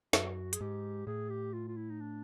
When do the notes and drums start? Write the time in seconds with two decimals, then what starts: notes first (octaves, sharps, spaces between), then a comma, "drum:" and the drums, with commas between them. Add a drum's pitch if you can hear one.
0.13 F#2 F#4, drum: snare
0.53 G#4, drum: hi-hat
0.61 G#2 G4
1.07 A2 G#4
1.30 G4
1.53 F4
1.68 F4
1.77 E4
1.90 D#4
2.01 D4